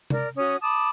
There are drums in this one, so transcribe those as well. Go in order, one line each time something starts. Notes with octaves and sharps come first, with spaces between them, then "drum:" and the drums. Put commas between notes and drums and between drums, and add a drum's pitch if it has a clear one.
A#4 D5, drum: tom C3
C#4 F#4 C#5 D#6
A5 B5 D6 D#6